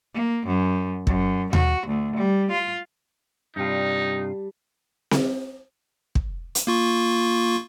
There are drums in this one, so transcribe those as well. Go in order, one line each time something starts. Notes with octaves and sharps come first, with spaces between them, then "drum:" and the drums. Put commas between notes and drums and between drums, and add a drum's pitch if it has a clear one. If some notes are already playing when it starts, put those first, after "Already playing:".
A#3
F#2
F#2, drum: kick
F#4, drum: tom D#2
D2
G3
F4
G2 C3 G3 D#4 F4 A5
drum: snare C4
drum: kick
drum: hi-hat
A#3 F4 C#6